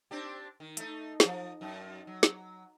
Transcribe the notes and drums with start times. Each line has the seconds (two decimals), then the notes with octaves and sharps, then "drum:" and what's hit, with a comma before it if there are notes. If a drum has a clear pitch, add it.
0.11 C4 D4 G4
0.60 D#3
0.77 A3 D#4, drum: hi-hat
1.20 F3 D#4 D#5, drum: snare
1.61 F#2 D#4
2.07 F#3
2.23 drum: snare